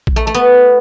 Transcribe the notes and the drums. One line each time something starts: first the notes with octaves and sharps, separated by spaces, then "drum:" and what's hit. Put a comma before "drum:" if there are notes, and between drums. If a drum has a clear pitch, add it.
drum: kick A#1
A3
A3
B3